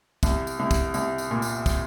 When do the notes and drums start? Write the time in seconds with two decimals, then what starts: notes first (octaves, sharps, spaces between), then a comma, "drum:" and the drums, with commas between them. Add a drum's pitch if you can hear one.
0.23 C2, drum: kick, tambourine
0.47 drum: tambourine
0.59 C2
0.71 drum: kick, tambourine
0.94 C2, drum: tambourine
1.18 drum: tambourine
1.31 A#2
1.42 drum: tambourine
1.66 drum: kick, tambourine